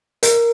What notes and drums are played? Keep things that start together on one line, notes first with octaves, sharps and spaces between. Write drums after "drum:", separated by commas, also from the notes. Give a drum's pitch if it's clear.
A#4, drum: hi-hat